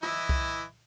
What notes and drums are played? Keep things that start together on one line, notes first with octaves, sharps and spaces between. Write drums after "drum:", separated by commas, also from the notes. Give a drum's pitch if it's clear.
E3 E4 D#5, drum: rim click
drum: kick C2